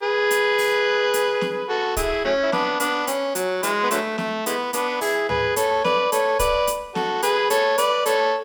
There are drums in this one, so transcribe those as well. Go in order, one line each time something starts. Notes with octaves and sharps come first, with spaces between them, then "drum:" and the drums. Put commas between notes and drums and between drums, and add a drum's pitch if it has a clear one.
G#4 B4
drum: hi-hat
drum: open hi-hat
drum: hi-hat
drum: snare
F#4 A4
E4 G#4, drum: kick, hi-hat
F#3 A3 C#4
E4
B3 D4, drum: snare
B3 D4, drum: hi-hat
C#4, drum: hi-hat
F#3, drum: hi-hat
E3 G#3, drum: hi-hat
B3
D3 F#3 A3, drum: hi-hat
A3, drum: snare
E3 G#3 B3, drum: hi-hat
B3 D4, drum: hi-hat
E4 G#4, drum: open hi-hat
G#4 B4, drum: tom
A4 C#5, drum: hi-hat
B4 D5, drum: snare
A4 C#5, drum: hi-hat
B4 D5, drum: kick, hi-hat
drum: hi-hat
F#4 A4, drum: snare
G#4 B4, drum: hi-hat
A4 C#5, drum: hi-hat
B4 D5, drum: hi-hat
A4 C#5, drum: hi-hat